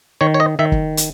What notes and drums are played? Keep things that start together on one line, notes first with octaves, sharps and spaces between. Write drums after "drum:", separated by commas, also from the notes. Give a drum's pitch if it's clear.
D#3 C#5
C#5
D#5
D#3 E5
drum: kick
drum: hi-hat